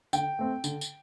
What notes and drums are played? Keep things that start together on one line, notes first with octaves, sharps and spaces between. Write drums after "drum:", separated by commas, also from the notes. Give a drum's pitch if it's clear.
D3 G5, drum: tambourine
A3 C4
D3, drum: tambourine
drum: tambourine